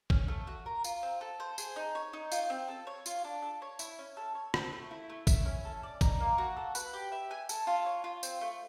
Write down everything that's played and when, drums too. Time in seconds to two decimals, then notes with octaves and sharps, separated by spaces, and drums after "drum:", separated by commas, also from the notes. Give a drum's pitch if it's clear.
0.10 C#4, drum: kick
0.28 A3
0.47 F#4
0.66 A#4
0.84 F4, drum: tambourine
1.03 C4
1.21 A4
1.40 C5
1.58 G#4, drum: tambourine
1.76 D#4
1.95 C#5
2.13 D#4
2.32 F4, drum: tambourine
2.50 C4
2.68 A4
2.87 C#5
3.06 F4, drum: tambourine
3.24 D4
3.42 A4
3.62 C#5
3.79 E4, drum: tambourine
3.99 C#4
4.17 A4
4.35 C#5
4.54 C4, drum: rim click
4.73 A3
4.91 E4
5.10 A3
5.27 E4, drum: kick, tambourine
5.45 C#4
5.65 A4
5.83 D5
6.01 D#4, drum: kick, tambourine
6.20 A#3
6.38 F#4
6.57 A4
6.75 B4, drum: tambourine
6.93 G4
7.12 E5
7.31 G#5
7.49 A4, drum: tambourine
7.67 F4
7.86 C#5
8.04 F4
8.23 C4, drum: tambourine
8.41 A3